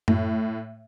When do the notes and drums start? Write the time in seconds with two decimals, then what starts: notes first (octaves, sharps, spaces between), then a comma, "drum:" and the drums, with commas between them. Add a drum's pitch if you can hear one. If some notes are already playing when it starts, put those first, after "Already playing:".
0.08 A2, drum: tom F#2